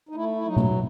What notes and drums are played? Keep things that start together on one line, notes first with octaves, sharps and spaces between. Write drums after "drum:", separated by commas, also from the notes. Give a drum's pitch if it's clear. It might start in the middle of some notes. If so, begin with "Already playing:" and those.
D#4
A3 E4
E4
F#3 D#4
drum: tom B2